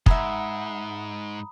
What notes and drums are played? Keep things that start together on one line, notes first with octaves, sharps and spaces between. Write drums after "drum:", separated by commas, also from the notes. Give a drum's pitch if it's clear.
G#2 E5 F#5 G#5 A#5 B5 D#6, drum: kick